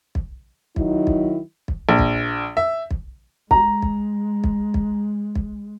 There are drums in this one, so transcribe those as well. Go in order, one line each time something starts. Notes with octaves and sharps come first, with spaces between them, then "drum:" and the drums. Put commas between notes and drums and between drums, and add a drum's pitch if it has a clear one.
drum: kick
D#3 F#3 D#4 E4, drum: kick
drum: kick
drum: kick
A#1
drum: kick
E5
drum: kick
G#3 A#5, drum: kick
drum: kick
drum: kick
drum: kick
drum: kick